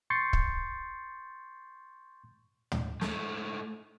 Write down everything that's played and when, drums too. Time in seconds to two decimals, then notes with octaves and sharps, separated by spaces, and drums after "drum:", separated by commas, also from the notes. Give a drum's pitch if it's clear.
0.10 C6 C#6 G6 A6 C7 C#7
0.33 drum: kick
2.72 drum: tom
3.01 G#2 A3, drum: snare